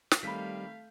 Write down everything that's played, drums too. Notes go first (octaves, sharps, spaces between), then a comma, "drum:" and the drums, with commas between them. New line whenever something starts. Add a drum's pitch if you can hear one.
drum: snare
D#3 G3 A3 C4 F5 B5 G6 B6